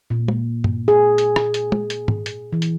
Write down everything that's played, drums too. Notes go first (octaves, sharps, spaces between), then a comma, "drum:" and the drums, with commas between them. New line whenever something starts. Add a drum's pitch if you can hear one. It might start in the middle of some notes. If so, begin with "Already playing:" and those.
A#2
drum: tom
drum: tom G2
G#4
drum: hi-hat
drum: rim click
drum: hi-hat
drum: tom
drum: hi-hat
drum: tom
drum: hi-hat
E3
drum: hi-hat